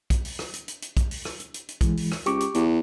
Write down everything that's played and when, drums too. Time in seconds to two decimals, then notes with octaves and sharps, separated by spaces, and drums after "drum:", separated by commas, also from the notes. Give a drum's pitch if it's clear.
0.10 drum: kick, hi-hat
0.25 drum: open hi-hat
0.39 drum: rim click
0.53 drum: hi-hat
0.68 drum: hi-hat
0.82 drum: hi-hat
0.97 drum: kick, hi-hat
1.11 drum: open hi-hat
1.25 drum: rim click
1.40 drum: hi-hat
1.54 drum: hi-hat
1.69 drum: hi-hat
1.81 E3 G#3, drum: kick, hi-hat
1.97 drum: open hi-hat
2.12 drum: rim click
2.26 C#2 G4 C#6 D6, drum: hi-hat
2.40 drum: hi-hat
2.54 E2, drum: hi-hat